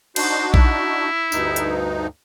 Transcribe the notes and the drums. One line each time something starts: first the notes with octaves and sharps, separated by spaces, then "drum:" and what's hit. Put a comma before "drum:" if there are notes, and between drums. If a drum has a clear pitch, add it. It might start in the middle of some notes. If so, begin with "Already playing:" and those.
D4 D#4 F#4 C5, drum: cymbal
E4, drum: kick A#1
D2 G2 D#4, drum: tambourine
drum: hi-hat